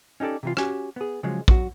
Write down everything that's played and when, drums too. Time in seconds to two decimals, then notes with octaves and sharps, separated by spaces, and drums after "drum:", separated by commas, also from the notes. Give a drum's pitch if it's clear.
0.20 C#4 D#4 G4 A4 D5
0.43 C3 E3 F4
0.57 C#4 F#4 G4 G#5, drum: rim click
0.96 B3 G#4
1.23 C#3 F3 F#3 G#3
1.48 F#3 F#4, drum: kick